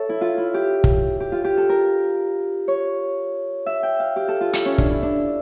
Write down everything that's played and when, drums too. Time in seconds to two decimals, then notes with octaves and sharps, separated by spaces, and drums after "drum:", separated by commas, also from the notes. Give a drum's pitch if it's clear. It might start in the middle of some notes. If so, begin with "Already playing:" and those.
Already playing: A4 C#5 E5
0.09 E4
0.21 F4
0.38 E4
0.54 G4
0.84 drum: kick
1.20 G4
1.32 F4
1.44 G4
1.57 A4
1.69 A#4
2.68 C#5
3.66 E5
3.83 G5
4.00 F5
4.16 G4
4.28 A4
4.41 F4
4.53 E4, drum: hi-hat
4.66 C#4
4.78 D4, drum: kick
4.90 E4
5.03 D4